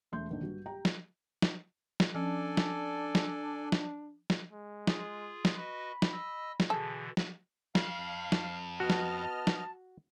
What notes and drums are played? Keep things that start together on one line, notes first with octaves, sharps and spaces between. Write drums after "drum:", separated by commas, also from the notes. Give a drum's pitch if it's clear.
E1 A3 C6 G6
A#1 D3 D#3
G2 F#4
G4 G5 A#5
drum: snare
drum: snare
drum: snare
F3 C#4 D4 A4 D5 G#5
drum: snare
drum: snare
drum: snare
drum: snare
G#3
F4 G#4, drum: snare
drum: snare
F#4 B4 D#5 B5
drum: snare
D#5 E6
drum: snare
B2 D3 E3 G#4 A4
drum: snare
F2 F5, drum: snare
drum: snare
B3 F#4 D#5 A5 F6
drum: snare
drum: snare